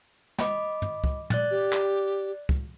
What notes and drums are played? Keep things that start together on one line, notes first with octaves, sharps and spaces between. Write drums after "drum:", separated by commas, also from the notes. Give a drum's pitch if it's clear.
D#5 B5 D6, drum: snare
drum: tom
drum: kick
D5 F#6 A6, drum: tom
G4
drum: clap
drum: kick